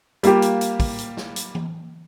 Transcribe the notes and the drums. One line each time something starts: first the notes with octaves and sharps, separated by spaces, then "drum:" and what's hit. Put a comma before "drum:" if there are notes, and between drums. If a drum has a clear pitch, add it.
G3 A#3 F4 G4, drum: hi-hat
drum: hi-hat
drum: hi-hat
drum: kick, open hi-hat
drum: hi-hat
drum: snare
drum: hi-hat
drum: tom E3